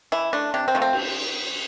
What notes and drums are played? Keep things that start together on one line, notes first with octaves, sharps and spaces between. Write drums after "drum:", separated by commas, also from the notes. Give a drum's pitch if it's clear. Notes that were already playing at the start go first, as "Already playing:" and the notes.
E3 E4
A3 D4
C3 D4
C4
F3 A3
C4
drum: cymbal